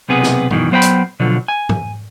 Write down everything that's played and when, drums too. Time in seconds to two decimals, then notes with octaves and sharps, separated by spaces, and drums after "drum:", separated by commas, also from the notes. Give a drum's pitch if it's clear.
0.09 B1 C3 B3 G#4
0.23 drum: snare
0.50 F#2 B2 D#3 E3, drum: tom A#2
0.71 F#3 B3 C5 D#5 G5 B5
0.82 drum: hi-hat
1.20 B2 D3 F3 F#3
1.48 G#5
1.69 drum: tom G#2